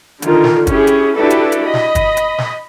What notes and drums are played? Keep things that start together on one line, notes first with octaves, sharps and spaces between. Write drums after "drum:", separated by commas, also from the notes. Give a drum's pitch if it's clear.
D3 D#3 F4 A#4, drum: hi-hat
drum: snare
C#4 E4 G4 G#4, drum: kick, hi-hat
drum: hi-hat
D4 E4 F#4 G4 A4 B4
drum: hi-hat
drum: hi-hat
D#5 B5
drum: snare
drum: kick, hi-hat
drum: hi-hat
drum: snare